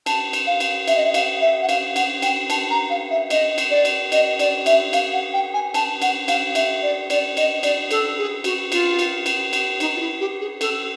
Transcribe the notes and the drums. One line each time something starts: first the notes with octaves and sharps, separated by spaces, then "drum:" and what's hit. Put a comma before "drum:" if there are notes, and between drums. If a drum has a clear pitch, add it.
A5, drum: cymbal
drum: cymbal
F5
drum: cymbal
E5, drum: cymbal
D#5
E5
F5, drum: cymbal
E5
F#5
F5, drum: cymbal
F#5, drum: cymbal
G5, drum: cymbal
A5, drum: cymbal
A#5
F5
E5
D#5, drum: cymbal
drum: cymbal
D5
drum: cymbal
D#5, drum: cymbal
D5, drum: cymbal
E5, drum: cymbal
F5, drum: cymbal
F#5
G5
G#5
A5, drum: cymbal
F#5, drum: cymbal
F5, drum: cymbal
E5, drum: cymbal
D5
D5, drum: cymbal
D#5, drum: cymbal
D5, drum: cymbal
A4, drum: cymbal
G#4
F#4, drum: cymbal
F4, drum: cymbal
drum: cymbal
drum: cymbal
drum: cymbal
D#4, drum: cymbal
F4
E4
G4
G#4
A4, drum: cymbal